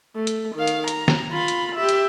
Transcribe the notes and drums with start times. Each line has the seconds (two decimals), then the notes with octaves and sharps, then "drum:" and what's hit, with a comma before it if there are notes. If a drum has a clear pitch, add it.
0.15 A3
0.27 drum: hi-hat
0.56 D#3 F5
0.67 drum: hi-hat
0.88 A#5, drum: hi-hat
1.08 drum: snare
1.32 F4 B5
1.48 drum: hi-hat
1.76 G4 E5
1.89 drum: hi-hat